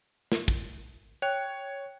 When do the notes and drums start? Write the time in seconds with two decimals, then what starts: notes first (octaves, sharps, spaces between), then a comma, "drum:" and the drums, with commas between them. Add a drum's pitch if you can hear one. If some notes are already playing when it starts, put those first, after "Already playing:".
0.32 drum: snare
0.48 drum: kick
1.22 C#5 G5 F#6 F7